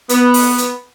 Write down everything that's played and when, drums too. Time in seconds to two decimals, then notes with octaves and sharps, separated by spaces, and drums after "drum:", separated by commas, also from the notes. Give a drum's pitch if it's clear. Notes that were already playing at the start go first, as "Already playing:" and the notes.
0.09 B3, drum: hi-hat
0.34 drum: open hi-hat
0.58 drum: hi-hat